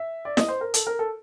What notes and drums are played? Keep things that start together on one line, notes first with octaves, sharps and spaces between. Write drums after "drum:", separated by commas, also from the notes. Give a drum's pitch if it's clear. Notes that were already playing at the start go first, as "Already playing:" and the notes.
Already playing: E5
D5
D#5, drum: snare
C5
A#4
A4, drum: hi-hat
A#4
A4